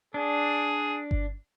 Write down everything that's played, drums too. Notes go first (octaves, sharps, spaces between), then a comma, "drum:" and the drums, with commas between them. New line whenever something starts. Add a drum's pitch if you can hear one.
D4 G#4
drum: kick G1